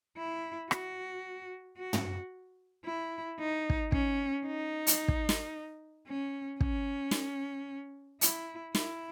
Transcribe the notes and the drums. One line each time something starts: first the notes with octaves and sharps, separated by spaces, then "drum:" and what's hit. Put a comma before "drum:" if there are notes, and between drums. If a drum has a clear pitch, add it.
E4
F#4, drum: rim click
F#4
drum: tom
E4
D#4
drum: kick
C#4, drum: kick
D#4
drum: hi-hat
drum: kick
drum: snare
C#4
C#4, drum: kick
drum: snare
E4, drum: hi-hat
E4, drum: snare